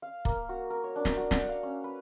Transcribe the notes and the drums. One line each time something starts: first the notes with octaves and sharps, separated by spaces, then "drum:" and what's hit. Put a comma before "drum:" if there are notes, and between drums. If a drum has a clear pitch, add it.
F5
A#3, drum: kick
F#4
A#4
C#5
D4
drum: snare
F#4
F#5, drum: snare
F5
C#4
B4